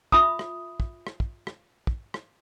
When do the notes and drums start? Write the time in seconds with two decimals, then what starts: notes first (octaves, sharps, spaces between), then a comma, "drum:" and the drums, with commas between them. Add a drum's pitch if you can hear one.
0.12 F4 E5 B5 D#6, drum: kick
0.39 drum: rim click
0.80 drum: kick
1.07 drum: rim click
1.20 drum: kick
1.47 drum: rim click
1.87 drum: kick
2.14 drum: rim click